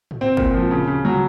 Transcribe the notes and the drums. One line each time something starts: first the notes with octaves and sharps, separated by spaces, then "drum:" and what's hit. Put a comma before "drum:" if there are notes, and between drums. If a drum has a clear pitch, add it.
drum: tom
C4
A#2, drum: kick
F3
C#3
C#3
F#3